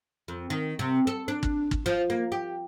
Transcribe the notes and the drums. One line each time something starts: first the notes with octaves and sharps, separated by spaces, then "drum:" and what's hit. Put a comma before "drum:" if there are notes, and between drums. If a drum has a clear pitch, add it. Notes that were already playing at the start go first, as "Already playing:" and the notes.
F2
D#3
C3
A4
D4
drum: kick
drum: kick
F3
A#3
G4